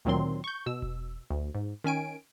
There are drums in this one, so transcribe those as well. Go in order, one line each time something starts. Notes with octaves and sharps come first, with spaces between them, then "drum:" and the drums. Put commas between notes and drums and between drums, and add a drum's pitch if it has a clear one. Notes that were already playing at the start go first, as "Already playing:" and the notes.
D2 A#2 D#3 F#3 C4 C6
C#6 G6
B2 E6
drum: kick E1
D2
G#2
D#3 C#4 G#5 D7